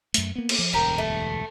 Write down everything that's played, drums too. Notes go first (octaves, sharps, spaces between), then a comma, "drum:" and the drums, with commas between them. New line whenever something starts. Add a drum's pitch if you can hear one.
F#2 A3, drum: hi-hat
A#3 B3
drum: cymbal
F3
E1 D2 G2 G4 A#4
A3